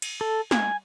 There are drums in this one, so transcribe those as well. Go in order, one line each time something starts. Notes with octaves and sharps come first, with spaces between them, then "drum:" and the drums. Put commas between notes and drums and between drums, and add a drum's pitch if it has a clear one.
drum: cymbal
A4
G#5, drum: snare